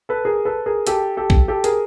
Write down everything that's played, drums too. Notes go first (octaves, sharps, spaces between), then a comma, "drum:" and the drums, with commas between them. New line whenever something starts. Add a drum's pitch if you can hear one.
A4 B4
G#4 A#4
A4 B4
G#4 A#4
G4 A4, drum: hi-hat
G4 A4
drum: kick
G4 A4
G#4 A#4, drum: hi-hat